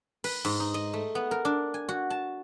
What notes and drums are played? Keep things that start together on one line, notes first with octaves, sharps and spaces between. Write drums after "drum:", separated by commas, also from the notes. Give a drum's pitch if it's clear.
B4, drum: cymbal
G#2, drum: cymbal
D#4
D#5
A3
B3
A#4
D4
G#5
F#4
A5